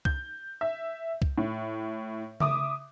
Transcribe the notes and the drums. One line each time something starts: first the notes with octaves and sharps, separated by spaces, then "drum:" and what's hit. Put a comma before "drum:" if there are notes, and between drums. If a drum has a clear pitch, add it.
G6, drum: kick C2
E5
drum: kick C2
A2
E5 D6 D#6, drum: tom C#3